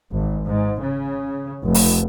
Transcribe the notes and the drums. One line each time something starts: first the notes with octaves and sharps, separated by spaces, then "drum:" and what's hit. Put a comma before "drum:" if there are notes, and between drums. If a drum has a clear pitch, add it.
G#1
G#2
C#3
F1
drum: open hi-hat